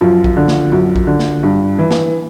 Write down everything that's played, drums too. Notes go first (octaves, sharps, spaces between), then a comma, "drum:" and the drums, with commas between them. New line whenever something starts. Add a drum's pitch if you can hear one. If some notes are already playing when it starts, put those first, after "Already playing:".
F#2 F3 F4
drum: kick A#1
D3
drum: snare
F#2
drum: kick A#1
D3
drum: snare
G2
E3
drum: snare